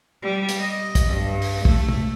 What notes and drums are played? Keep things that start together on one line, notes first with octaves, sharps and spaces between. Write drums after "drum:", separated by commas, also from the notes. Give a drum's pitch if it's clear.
G3
drum: hi-hat
D#5
drum: kick, hi-hat
G2
drum: open hi-hat
A3, drum: kick
drum: tom C3